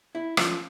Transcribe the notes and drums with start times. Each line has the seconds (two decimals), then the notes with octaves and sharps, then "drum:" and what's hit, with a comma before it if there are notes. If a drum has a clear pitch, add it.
0.15 E4
0.37 F3 A3 C#4 F4, drum: rim click